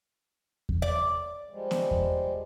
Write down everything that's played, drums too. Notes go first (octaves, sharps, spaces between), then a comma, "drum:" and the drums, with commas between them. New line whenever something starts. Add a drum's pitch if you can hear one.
drum: kick E2
D5
F3 G3 G#3
drum: snare B3
drum: kick E2